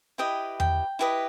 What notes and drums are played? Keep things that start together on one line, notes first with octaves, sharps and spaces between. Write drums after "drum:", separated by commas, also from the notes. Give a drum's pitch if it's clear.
E4 G4 B4 D#5 G5
G5, drum: tom E2
E4 G4 B4 D#5